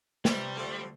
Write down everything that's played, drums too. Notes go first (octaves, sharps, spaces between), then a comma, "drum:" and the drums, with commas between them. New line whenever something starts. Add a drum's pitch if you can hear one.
C2 C3 E3 G3, drum: snare
D2 D3 A3 C4 F4